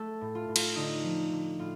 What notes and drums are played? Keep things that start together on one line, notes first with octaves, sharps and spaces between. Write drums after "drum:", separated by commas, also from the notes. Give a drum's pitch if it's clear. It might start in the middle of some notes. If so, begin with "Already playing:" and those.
Already playing: A3 A4
A2
F4
A2
F4, drum: cymbal
D3 D#4
F3
D3
A2 F4